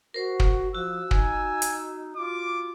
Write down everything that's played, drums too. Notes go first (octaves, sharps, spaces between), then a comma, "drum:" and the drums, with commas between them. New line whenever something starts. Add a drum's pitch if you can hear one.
F#4 A#4 C5
drum: kick
F3 F#4 E6
D#4 G#5, drum: kick
drum: hi-hat
F4 D6